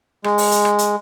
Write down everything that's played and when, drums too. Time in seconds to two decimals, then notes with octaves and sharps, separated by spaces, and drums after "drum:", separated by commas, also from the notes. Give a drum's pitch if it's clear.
0.24 G#3, drum: rim click
0.38 drum: open hi-hat
0.51 drum: hi-hat
0.65 drum: rim click
0.79 drum: hi-hat